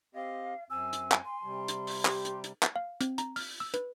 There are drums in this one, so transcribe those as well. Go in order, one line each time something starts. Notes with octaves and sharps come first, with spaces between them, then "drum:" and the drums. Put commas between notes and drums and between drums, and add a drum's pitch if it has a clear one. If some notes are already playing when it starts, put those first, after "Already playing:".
C4 G4 D#5 F5
F#2 C4 G#5 E6
drum: hi-hat
drum: clap
C6
C3 G3
drum: hi-hat
drum: open hi-hat
G4, drum: clap
drum: hi-hat
drum: hi-hat
drum: clap
F5
C4, drum: hi-hat
A#5, drum: hi-hat
F6, drum: open hi-hat
E6
B4, drum: hi-hat